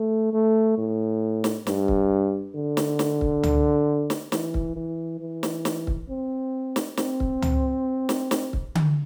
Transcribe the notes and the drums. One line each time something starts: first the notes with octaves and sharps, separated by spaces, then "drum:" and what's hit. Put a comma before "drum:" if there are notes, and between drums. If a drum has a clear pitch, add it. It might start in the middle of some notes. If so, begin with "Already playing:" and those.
Already playing: A3
A3
A2
drum: snare
G2, drum: snare
drum: kick C#1
D3
drum: snare
drum: snare
drum: kick C#1
drum: tom C#2
drum: snare
E3, drum: snare
drum: kick C#1
E3
E3
drum: snare
drum: snare
drum: kick C#1
C4
drum: snare
C4, drum: snare
drum: kick C#1
drum: tom C#2
drum: snare
drum: snare
drum: kick C#1
drum: tom D3